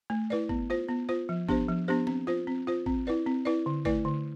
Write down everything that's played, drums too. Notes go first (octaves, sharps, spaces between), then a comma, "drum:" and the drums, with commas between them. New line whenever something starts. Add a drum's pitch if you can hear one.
A3
E4 B4 D5
B3, drum: kick G#1
F4 C5
B3
F4 C5
F3
B3 D4 G4 C5, drum: kick G#1
F3
B3 D4 G4 C5
C4, drum: snare
F4 C5
C4
F4 C5
C4, drum: kick G#1
E4 B4 D5
C4
E4 B4 D5
D3
A3 E4 B4 D5, drum: kick G#1
D3